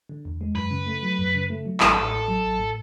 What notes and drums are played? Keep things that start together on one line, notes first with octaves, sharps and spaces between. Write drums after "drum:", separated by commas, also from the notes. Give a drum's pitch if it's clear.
D3
E2
G#3
F#2 B4
C#3
A3
F#3
F#2
C#3
A3
F#3
A1 A4, drum: clap
A2
A1
F#3
A1
A2